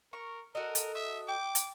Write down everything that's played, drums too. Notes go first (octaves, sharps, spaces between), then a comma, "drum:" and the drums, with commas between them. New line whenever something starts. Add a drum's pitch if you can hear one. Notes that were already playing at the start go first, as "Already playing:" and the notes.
A#4 C#6
F#4 A4 A#4 D#5
drum: hi-hat
E5 D#6
G5 D6
drum: hi-hat